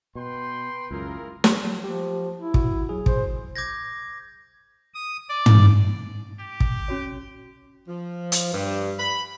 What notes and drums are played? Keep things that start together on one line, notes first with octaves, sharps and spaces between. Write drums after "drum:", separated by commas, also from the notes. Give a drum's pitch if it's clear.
B2 B4 G5 C6
C#2 F#2 E4 F4 G#4 A#4
drum: snare
F#3
F3 G4
E4
F#4, drum: kick
F#3 G#4
C5, drum: kick
D6 G6 G#6 A#6
D#6
D5
drum: tom
G4
drum: kick
C#4 F#4 C#5
F3
drum: hi-hat
G2
B5